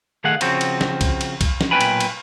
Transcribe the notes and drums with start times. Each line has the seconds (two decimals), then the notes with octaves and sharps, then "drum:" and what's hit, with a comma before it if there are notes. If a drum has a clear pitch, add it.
0.24 D#3 A3 G#4 F5 F#5
0.41 C#3 F3 C4 F#4, drum: cymbal
0.61 drum: cymbal
0.81 drum: snare
1.01 drum: kick C2, cymbal
1.21 drum: cymbal
1.41 drum: kick C2, cymbal
1.61 drum: snare
1.71 B1 A#2 B4 G5 G#5 B5
1.81 drum: cymbal
2.01 drum: cymbal